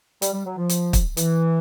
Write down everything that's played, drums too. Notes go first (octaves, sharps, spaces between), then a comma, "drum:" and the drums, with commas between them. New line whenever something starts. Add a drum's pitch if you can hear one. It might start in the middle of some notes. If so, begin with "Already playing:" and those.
G3, drum: hi-hat
G3
F#3
F3
drum: hi-hat
drum: kick, hi-hat
E3, drum: hi-hat